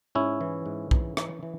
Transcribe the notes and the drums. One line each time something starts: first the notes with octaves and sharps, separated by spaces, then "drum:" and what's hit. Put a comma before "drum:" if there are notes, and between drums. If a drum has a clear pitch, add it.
G#2 C#4 E4
E3
G#2
E3, drum: kick
E3, drum: rim click
E3